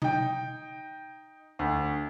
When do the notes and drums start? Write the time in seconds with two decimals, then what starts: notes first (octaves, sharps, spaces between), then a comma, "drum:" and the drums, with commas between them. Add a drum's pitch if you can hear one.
0.02 D#4 G5, drum: tom B2
1.59 D2